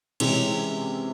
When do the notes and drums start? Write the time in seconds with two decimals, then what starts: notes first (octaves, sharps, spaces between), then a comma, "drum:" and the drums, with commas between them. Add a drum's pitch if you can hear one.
0.20 C3 E3 G#3 C#4, drum: cymbal